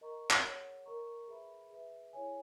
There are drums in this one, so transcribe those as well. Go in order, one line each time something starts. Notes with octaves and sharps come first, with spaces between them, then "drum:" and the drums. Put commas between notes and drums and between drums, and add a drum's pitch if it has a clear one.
A#4 D#5 A#5 C#6
drum: clap
G#4 C#5 F#5
A#4 D#5 A#5 C#6
G#4 B4 E5 B5
G#4 B4 E5
E4 G#4 C#5 G#5